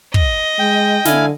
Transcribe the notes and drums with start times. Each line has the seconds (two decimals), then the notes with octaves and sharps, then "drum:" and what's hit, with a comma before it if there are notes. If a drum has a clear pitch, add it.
0.14 D#5, drum: kick
0.59 G#3 G5
1.05 D3 E4 F5 G#5, drum: snare